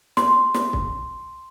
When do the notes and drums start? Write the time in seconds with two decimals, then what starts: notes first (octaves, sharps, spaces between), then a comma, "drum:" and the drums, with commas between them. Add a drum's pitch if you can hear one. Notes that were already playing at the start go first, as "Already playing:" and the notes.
0.17 C6, drum: snare
0.54 drum: snare
0.73 drum: kick